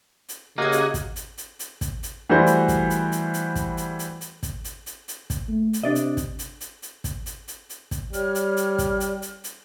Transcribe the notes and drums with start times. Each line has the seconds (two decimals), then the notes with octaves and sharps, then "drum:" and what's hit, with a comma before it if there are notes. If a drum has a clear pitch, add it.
0.29 drum: hi-hat
0.58 C#3 A#3 F#4 G4 D#5 G#6
0.72 drum: hi-hat
0.94 drum: kick, hi-hat
1.16 drum: hi-hat
1.38 drum: hi-hat
1.59 drum: hi-hat
1.81 drum: kick, hi-hat
2.03 drum: hi-hat
2.29 E3 G3 A3 F#4 B4 C5
2.47 drum: hi-hat
2.68 drum: kick, hi-hat
2.90 drum: hi-hat
3.12 drum: hi-hat
3.34 drum: hi-hat
3.55 drum: kick, hi-hat
3.77 drum: hi-hat
3.99 drum: hi-hat
4.21 drum: hi-hat
4.43 drum: kick, hi-hat
4.64 drum: hi-hat
4.86 drum: hi-hat
5.08 drum: hi-hat
5.30 drum: kick, hi-hat
5.48 A3
5.73 drum: hi-hat
5.83 C3 D4 D5 D#5
5.95 drum: hi-hat
6.17 drum: kick, hi-hat
6.39 drum: hi-hat
6.61 drum: hi-hat
6.82 drum: hi-hat
7.04 drum: kick, hi-hat
7.26 drum: hi-hat
7.48 drum: hi-hat
7.70 drum: hi-hat
7.91 drum: kick, hi-hat
8.13 G3 C#5 F6, drum: hi-hat
8.35 drum: hi-hat
8.57 drum: hi-hat
8.78 drum: kick, hi-hat
9.00 drum: hi-hat
9.22 drum: hi-hat
9.44 drum: hi-hat